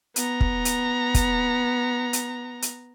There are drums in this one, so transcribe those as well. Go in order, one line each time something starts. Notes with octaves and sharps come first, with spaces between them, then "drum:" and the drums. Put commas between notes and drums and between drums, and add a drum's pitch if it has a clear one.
B3 A#5, drum: hi-hat
drum: kick
drum: hi-hat
drum: kick, hi-hat
drum: hi-hat
drum: hi-hat